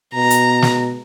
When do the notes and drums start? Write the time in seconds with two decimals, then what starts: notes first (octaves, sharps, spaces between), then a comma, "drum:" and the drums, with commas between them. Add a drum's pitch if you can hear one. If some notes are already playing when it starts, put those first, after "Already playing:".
0.14 B2 A#5
0.30 drum: hi-hat
0.62 drum: snare